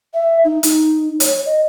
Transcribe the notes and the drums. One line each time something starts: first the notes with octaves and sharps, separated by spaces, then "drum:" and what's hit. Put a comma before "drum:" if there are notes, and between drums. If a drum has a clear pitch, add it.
E5
D#4
D#4, drum: hi-hat
C#5, drum: hi-hat
D#5